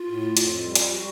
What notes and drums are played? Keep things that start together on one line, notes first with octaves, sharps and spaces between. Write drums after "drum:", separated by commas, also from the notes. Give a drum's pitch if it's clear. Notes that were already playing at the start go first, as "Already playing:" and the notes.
Already playing: F4
A2
F2, drum: hi-hat
G3
drum: hi-hat
G3 F#4